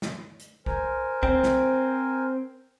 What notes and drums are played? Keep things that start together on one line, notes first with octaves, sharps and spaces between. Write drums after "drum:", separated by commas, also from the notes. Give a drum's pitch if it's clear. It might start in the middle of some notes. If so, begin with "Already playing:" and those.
drum: snare
drum: hi-hat
A#4 C5 G#5, drum: kick
C4, drum: kick
drum: snare